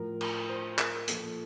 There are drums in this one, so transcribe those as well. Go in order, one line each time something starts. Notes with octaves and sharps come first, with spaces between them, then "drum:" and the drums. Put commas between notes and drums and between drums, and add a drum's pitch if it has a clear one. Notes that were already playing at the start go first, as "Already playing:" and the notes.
Already playing: A2 F3 A#4
A#4, drum: cymbal
C5
A#4, drum: clap
A#2 F3 A4, drum: hi-hat